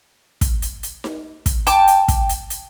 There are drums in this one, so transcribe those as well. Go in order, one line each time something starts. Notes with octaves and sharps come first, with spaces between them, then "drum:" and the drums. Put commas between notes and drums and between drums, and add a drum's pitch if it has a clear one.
drum: kick, hi-hat
drum: hi-hat
drum: hi-hat
drum: snare D#4
drum: kick, hi-hat
G5 A5 D6, drum: hi-hat
drum: hi-hat
drum: kick, hi-hat
drum: hi-hat
drum: hi-hat